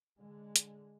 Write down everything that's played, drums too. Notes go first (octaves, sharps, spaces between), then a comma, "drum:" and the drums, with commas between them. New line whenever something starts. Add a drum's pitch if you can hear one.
D3 G#3
drum: hi-hat